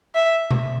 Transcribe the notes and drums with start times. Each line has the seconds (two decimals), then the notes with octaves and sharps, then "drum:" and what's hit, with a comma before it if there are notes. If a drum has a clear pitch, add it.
0.15 E5
0.51 drum: tom B2